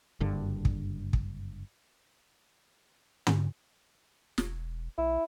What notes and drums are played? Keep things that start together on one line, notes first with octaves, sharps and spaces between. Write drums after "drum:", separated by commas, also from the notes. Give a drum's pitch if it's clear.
F#1 G2 D3
drum: kick
drum: kick
drum: tom
E1, drum: snare
B1 E4